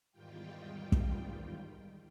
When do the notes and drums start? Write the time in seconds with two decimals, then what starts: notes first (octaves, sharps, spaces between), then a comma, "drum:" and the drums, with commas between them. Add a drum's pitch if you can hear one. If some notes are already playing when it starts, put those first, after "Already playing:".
0.12 E2 G#2 D#3 G3 F4 G5
0.92 drum: kick